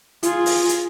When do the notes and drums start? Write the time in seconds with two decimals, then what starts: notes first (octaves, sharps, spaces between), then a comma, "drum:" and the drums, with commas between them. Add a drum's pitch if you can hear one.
0.23 F4 G#4, drum: hi-hat
0.46 drum: open hi-hat
0.69 drum: hi-hat